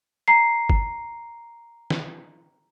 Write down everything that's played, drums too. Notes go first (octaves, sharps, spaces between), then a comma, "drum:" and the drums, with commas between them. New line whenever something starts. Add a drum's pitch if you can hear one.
A#5 C7
drum: kick G1
drum: snare